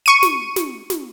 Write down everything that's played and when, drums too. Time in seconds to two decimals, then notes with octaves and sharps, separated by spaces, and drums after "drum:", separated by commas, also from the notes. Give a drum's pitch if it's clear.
0.06 C#6 D#7
0.23 drum: snare
0.56 drum: snare
0.90 drum: snare